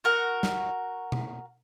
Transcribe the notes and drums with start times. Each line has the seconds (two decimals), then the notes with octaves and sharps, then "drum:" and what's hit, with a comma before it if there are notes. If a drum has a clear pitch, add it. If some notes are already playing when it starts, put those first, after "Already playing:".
0.04 F#4 A#4 F#5
0.43 drum: snare
1.12 drum: tom B2